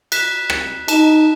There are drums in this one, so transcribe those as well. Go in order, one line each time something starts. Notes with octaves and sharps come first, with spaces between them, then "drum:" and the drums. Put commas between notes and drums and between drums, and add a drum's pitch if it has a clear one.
F#6 B6 E7, drum: cymbal
drum: rim click
D#4 A5 E7, drum: cymbal